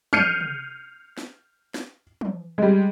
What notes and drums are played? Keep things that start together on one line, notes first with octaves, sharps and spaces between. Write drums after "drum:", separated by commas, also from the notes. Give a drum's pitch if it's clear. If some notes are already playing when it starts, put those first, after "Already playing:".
F6 G6 C7 C#7 D#7, drum: tom
drum: tom
drum: snare
drum: snare
drum: tom
G3 G#3